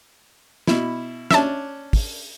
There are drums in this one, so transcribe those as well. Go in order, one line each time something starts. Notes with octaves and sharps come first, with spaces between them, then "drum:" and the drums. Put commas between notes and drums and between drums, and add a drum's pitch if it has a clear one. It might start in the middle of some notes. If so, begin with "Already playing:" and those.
B2 E4, drum: snare
C#4 D4 E5 A5, drum: snare
drum: kick, open hi-hat